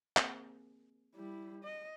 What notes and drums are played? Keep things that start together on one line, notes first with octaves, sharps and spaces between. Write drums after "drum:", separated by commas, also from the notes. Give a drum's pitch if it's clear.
A#3 C4 G#4, drum: clap
G3 E4
D#5